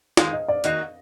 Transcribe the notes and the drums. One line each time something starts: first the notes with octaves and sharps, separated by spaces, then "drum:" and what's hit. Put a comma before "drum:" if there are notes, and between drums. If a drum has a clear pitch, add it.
D#3 G#3 D#4 F5, drum: snare
D#5
D5
D#3 A#3 D#4 F#4 D#5, drum: hi-hat